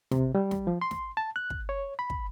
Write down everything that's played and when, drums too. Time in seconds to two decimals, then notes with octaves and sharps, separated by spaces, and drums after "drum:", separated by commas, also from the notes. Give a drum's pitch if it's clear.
0.11 C3, drum: snare
0.35 G3
0.51 drum: snare
0.67 F3
0.82 C6
0.91 drum: snare
1.17 A5
1.36 F#6
1.50 drum: kick
1.69 C#5
1.99 B5
2.10 drum: kick